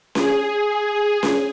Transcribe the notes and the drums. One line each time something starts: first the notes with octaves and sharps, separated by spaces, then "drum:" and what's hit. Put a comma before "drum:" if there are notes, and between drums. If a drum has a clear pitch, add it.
G#4, drum: snare C#4
drum: snare C#4